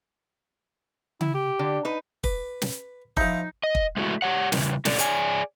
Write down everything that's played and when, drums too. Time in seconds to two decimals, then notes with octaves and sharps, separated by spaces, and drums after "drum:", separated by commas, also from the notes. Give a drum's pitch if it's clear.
1.21 E4, drum: tom C#3
1.34 G4
1.59 D3
1.85 D#4 B4
2.24 B4 D6, drum: kick
2.62 drum: snare
3.17 F3 D#4 E4, drum: kick
3.63 D#5
3.75 drum: kick
3.97 G#3 A3 E4 F#4
4.22 G4 C#5 F#5
4.52 C#3 E3 G3, drum: snare
4.85 A2 A4 D5, drum: snare
4.99 G#4 C#5 D5 G#5, drum: hi-hat